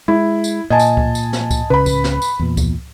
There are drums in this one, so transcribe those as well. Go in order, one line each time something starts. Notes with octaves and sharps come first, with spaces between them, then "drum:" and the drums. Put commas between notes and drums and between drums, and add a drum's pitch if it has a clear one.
G#3 E4
drum: tambourine
A#2 D#5 G#5 A5
drum: tambourine
drum: kick C#2
drum: tambourine
drum: snare
drum: kick C#2, tambourine
C#2 C#3 B4 B5
drum: kick C#2, tambourine
drum: snare
drum: tambourine
E2 A#2
drum: kick C#2, tambourine